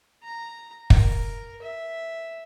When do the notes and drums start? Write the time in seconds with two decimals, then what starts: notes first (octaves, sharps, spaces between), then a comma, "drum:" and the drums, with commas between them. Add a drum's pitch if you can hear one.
0.23 A#5
0.90 A#4, drum: kick
1.62 E5